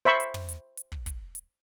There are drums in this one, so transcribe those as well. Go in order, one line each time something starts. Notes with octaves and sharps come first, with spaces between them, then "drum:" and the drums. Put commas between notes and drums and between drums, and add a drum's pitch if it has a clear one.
C5 E5 B5 C#6
drum: hi-hat
drum: tom
drum: hi-hat
drum: hi-hat
drum: kick
drum: kick, hi-hat
drum: hi-hat